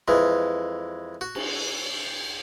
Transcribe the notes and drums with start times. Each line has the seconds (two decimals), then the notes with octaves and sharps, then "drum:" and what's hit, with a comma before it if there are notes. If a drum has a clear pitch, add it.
0.08 F2 E3 G#3
1.21 F#4
1.35 drum: cymbal